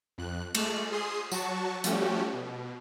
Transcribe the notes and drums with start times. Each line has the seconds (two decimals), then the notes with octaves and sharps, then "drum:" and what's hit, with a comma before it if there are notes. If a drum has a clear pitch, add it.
0.18 F2 F#6
0.55 G#3 A3, drum: cymbal
0.92 G#4 C6 D#6 C7
1.31 F#3 F#4 A5 C#6, drum: tambourine
1.84 F3 G3 A3 C#4 F#4 G4, drum: hi-hat
2.33 B2